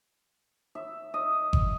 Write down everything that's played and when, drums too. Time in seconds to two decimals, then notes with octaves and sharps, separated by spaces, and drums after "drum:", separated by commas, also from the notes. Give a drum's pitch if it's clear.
0.75 E5
1.14 D#5
1.53 drum: kick G1